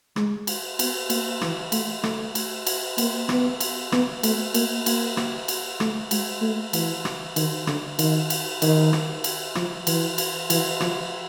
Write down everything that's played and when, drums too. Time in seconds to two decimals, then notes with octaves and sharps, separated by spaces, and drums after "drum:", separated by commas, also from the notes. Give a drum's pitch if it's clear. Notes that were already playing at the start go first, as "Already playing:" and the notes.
0.16 G#3, drum: rim click
0.47 drum: cymbal
0.79 B3, drum: cymbal
1.10 A#3, drum: cymbal
1.41 E3, drum: rim click
1.72 A3, drum: cymbal
2.03 A3, drum: rim click
2.35 drum: cymbal
2.67 drum: cymbal
2.98 A#3, drum: cymbal
3.29 B3, drum: rim click
3.60 drum: cymbal
3.92 B3, drum: rim click
4.23 A3, drum: cymbal
4.54 A#3, drum: cymbal
4.86 A#3, drum: cymbal
5.17 drum: rim click
5.48 drum: cymbal
5.80 A3, drum: rim click
6.11 G#3, drum: cymbal
6.42 A3
6.73 E3, drum: cymbal
7.05 drum: rim click
7.36 D#3, drum: cymbal
7.67 D3, drum: rim click
7.99 D#3, drum: cymbal
8.30 drum: cymbal
8.62 D#3, drum: cymbal
8.93 drum: rim click
9.24 drum: cymbal
9.55 F3, drum: rim click
9.87 E3, drum: cymbal
10.18 drum: cymbal
10.50 E3, drum: cymbal
10.80 F3, drum: rim click